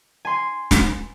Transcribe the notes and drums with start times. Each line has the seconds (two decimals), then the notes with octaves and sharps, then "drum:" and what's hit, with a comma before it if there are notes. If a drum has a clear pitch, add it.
0.25 G#5 C6
0.71 drum: snare